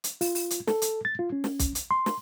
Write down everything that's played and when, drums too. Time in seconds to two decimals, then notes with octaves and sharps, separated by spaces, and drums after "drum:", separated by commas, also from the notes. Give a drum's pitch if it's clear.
0.04 drum: hi-hat
0.21 F4, drum: open hi-hat
0.35 drum: open hi-hat
0.50 drum: hi-hat
0.67 A4, drum: snare
0.82 drum: hi-hat
1.05 A6
1.19 F4
1.32 C#4
1.44 drum: snare
1.59 drum: kick B1, hi-hat
1.75 drum: hi-hat
1.91 C6
2.06 drum: snare